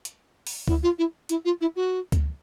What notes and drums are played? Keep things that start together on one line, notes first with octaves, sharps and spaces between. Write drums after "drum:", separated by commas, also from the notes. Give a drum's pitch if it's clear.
drum: hi-hat
drum: open hi-hat
E4, drum: kick D2
F4
E4
E4, drum: hi-hat
F4
E4
F#4
drum: kick D2, hi-hat